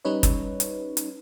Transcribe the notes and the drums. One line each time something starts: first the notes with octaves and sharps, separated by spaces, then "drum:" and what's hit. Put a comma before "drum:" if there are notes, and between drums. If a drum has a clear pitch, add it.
G3 C#4 D#4 B4 C#5
drum: kick, hi-hat
drum: hi-hat
drum: hi-hat